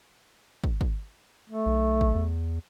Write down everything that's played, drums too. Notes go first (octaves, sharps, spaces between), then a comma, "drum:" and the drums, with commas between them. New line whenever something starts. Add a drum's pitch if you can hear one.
drum: kick
drum: kick
A3
B1
drum: kick
E2